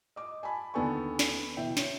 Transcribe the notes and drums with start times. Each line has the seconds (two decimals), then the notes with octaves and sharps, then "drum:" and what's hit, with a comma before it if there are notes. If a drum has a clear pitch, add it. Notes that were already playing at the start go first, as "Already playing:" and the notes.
0.16 D#5 D6
0.43 G#5 A5 B5
0.74 D#2 D3 B3 A4 G#5 C#6
1.19 drum: snare
1.57 B2 E3 E5 G5
1.77 C#5, drum: snare